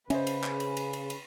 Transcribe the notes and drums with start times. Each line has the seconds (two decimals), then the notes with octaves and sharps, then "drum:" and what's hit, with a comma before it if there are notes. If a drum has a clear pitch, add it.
0.10 C#3 C#4 B4 C5 D#5 E5, drum: cymbal
0.27 drum: cymbal
0.43 drum: clap
0.60 drum: cymbal
0.77 drum: cymbal
0.93 drum: cymbal
1.10 drum: cymbal